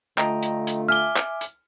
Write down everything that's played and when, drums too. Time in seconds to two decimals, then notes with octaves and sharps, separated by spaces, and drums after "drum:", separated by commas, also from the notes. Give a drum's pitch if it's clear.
0.18 D3 A3 F4 D#5 G5 A#5, drum: clap
0.43 drum: hi-hat
0.67 drum: hi-hat
0.88 E5 G#5 D6 F6 G7
1.16 drum: clap
1.41 drum: hi-hat